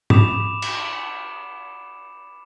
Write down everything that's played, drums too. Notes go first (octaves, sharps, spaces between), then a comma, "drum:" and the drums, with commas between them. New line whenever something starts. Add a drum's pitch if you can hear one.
B5 D6 D#6 E7 F7, drum: tom G#2
drum: cymbal